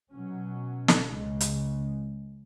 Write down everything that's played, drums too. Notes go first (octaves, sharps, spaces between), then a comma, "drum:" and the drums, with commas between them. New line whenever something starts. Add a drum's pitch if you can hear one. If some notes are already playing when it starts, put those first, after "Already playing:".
B2 F#3 C#4
drum: snare
C#2 C#3 G#3
drum: hi-hat